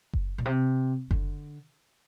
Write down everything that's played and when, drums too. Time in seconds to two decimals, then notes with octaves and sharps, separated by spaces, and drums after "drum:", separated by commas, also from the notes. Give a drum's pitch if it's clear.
0.13 drum: kick F#1
0.38 A#2
0.45 C3
1.11 D3, drum: kick F#1